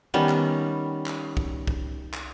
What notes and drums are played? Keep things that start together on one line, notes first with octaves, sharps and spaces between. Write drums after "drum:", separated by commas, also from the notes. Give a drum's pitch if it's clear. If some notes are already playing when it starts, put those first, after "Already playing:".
D#3 G3 B3 C#4
drum: clap
drum: clap
drum: kick C2
drum: kick C2
drum: clap